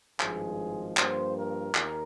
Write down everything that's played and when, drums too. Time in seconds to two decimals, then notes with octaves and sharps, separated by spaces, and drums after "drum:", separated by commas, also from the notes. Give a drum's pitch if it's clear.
0.20 G#1 G2 F3 G#3 G#4, drum: clap
0.97 G2 F3 A#3 C5, drum: clap
1.36 A#4
1.75 D#2 A#4, drum: clap